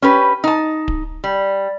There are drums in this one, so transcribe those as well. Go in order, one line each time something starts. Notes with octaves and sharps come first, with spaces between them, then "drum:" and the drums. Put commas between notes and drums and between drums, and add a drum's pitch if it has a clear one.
C#4 G4 B4
D#4 A5
drum: kick D1
G3